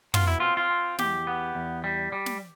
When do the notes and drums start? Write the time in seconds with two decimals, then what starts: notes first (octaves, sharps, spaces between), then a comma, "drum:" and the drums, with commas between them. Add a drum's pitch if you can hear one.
0.14 B2 F4, drum: tom
0.27 E4
0.40 C4 F4
0.57 F4
0.70 C4
0.98 E2 G4, drum: snare
1.27 B3
1.55 E2
1.84 G3
2.12 G3
2.26 drum: snare